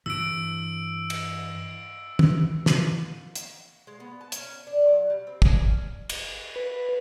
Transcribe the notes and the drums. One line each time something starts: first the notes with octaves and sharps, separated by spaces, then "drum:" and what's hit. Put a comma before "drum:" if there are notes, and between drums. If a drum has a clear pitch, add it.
G2 E3 E6 D7
drum: cymbal
drum: tom
drum: snare
drum: hi-hat
G#3
B3
A5
C#4, drum: hi-hat
D4
F#3
G3
C4
G#4, drum: kick
C#4
drum: cymbal
B4